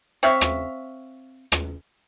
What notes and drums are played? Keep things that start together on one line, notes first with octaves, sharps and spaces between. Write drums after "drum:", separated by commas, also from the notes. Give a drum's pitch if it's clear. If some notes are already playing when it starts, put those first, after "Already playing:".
C4 C#5 E5 F5
drum: rim click
drum: rim click